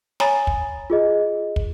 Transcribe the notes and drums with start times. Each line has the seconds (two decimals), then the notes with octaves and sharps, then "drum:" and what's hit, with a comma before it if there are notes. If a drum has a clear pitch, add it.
0.20 C#5 G#5 A#5 B5 D#6 A6, drum: snare
0.47 drum: kick
0.90 F4 G#4 D#5
1.56 drum: kick